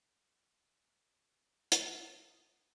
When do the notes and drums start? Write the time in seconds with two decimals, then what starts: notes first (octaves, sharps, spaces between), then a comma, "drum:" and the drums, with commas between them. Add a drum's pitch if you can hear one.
1.72 A3 D#6, drum: hi-hat